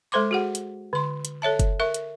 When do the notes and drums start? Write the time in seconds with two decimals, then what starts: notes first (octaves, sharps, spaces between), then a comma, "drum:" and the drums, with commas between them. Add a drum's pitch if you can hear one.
0.12 G#3 A4 C5 C6 D6
0.31 F#4 G#4 F#5
0.55 drum: hi-hat
0.93 D3 C6
1.25 drum: hi-hat
1.42 A4 C#5 E5 A5
1.60 drum: kick F#1, hi-hat
1.80 A#4 E5 C#6
1.94 drum: hi-hat